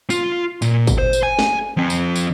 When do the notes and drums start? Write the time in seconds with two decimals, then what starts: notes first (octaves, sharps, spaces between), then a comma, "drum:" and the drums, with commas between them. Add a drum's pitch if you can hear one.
0.10 F4, drum: tambourine
0.62 A#2, drum: tambourine
0.87 drum: kick, tambourine
0.98 C5
1.13 drum: tambourine
1.23 G#5
1.39 drum: snare
1.77 F3 C4
1.90 drum: tambourine
2.16 drum: tambourine